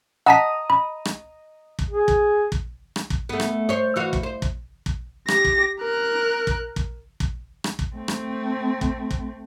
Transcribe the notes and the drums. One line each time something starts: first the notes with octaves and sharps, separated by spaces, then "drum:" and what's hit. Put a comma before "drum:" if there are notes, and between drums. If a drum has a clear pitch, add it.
D#5 F#5 A5 A#5 D#6 B6
B5
drum: rim click
drum: kick
G#4
drum: kick
drum: kick
drum: rim click
drum: kick
A3 B3
drum: rim click
C5 C#5
E3 F#4 F5
drum: kick
C5
drum: kick
drum: kick
G4 A#6, drum: rim click
drum: kick
A#4 F#6
drum: kick
drum: kick
drum: kick
drum: rim click
drum: kick
A3 C4
drum: rim click
drum: kick
drum: kick